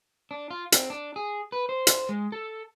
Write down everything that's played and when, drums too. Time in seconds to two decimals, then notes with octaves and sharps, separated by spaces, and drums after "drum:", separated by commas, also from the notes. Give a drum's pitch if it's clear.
0.31 D4
0.51 F4
0.72 C4, drum: hi-hat
0.90 D4
1.16 G#4
1.52 B4
1.69 C5
1.87 drum: hi-hat
2.09 G#3
2.32 A4